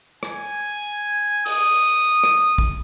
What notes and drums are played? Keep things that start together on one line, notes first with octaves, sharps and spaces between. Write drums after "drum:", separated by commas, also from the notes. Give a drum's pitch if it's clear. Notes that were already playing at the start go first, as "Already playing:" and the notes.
G#5, drum: rim click
D#6, drum: open hi-hat
drum: rim click
drum: kick